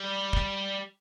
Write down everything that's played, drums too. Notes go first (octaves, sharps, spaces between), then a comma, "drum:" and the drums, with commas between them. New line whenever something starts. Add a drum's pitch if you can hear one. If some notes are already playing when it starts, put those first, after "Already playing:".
Already playing: G3
drum: kick